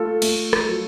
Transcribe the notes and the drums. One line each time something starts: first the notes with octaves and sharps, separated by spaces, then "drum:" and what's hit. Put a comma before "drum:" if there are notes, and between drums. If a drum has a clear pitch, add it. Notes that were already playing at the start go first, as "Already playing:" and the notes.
Already playing: A3 F4 A4
A3, drum: cymbal
drum: rim click
F#3